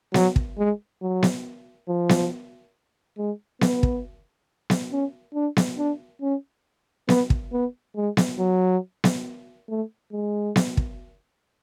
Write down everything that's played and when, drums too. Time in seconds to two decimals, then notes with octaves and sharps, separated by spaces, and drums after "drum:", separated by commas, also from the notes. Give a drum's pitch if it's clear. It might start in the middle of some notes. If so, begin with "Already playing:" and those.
0.14 F#3, drum: snare B3
0.36 drum: kick
0.58 G#3
1.01 F#3
1.23 drum: snare B3
1.88 F3
2.09 drum: snare B3
3.18 G#3
3.61 B3, drum: snare B3
3.83 drum: kick
4.70 drum: snare B3
4.92 C#4
5.34 D4
5.57 drum: snare B3
5.78 D4
6.22 C#4
7.09 B3, drum: snare B3
7.30 drum: kick
7.52 B3
7.96 G#3
8.17 drum: snare B3
8.38 F#3
9.04 drum: snare B3
9.69 A3
10.12 G#3
10.56 drum: snare B3
10.77 drum: kick